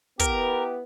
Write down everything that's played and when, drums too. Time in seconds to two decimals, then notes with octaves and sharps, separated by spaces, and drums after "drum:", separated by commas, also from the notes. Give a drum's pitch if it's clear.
0.20 B3 E4 G4 A#4 B4, drum: kick, hi-hat